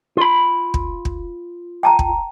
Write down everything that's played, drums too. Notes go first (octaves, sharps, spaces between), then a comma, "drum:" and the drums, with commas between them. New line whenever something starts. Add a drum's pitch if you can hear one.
F4 B5
drum: kick
drum: kick
G5 A5 A#5
drum: kick